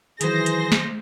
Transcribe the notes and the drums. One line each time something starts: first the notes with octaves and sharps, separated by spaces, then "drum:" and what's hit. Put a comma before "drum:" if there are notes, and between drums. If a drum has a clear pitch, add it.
D#3 E3 F#3 G#4 C5 A#6, drum: hi-hat
drum: hi-hat
drum: snare